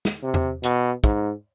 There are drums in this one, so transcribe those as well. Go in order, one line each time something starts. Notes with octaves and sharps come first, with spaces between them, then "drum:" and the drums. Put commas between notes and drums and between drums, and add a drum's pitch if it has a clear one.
drum: snare
C3
drum: tom E2
B2, drum: hi-hat
G#2, drum: kick